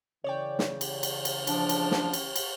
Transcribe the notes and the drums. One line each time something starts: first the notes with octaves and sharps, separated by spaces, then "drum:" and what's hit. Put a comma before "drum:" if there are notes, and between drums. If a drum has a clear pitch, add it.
C#3 E3 C#5 D5 G5
drum: snare
drum: cymbal
drum: cymbal
drum: cymbal
F3 D4, drum: cymbal
drum: cymbal
drum: snare
drum: cymbal
drum: cymbal